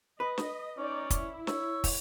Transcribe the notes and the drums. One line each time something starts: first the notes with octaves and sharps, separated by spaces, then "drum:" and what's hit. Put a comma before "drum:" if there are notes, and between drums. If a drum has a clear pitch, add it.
B4 D#5
drum: snare
C#4 D#4 D5
E4, drum: kick, hi-hat
C#5 E6, drum: snare
drum: kick, open hi-hat